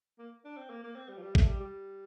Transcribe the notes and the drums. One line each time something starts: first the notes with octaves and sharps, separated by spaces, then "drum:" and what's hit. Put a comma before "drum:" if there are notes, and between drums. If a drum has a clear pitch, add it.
A#3
D4
C4
A#3
A#3
C4
G3
F3
G3
A3, drum: kick A1
G3
G3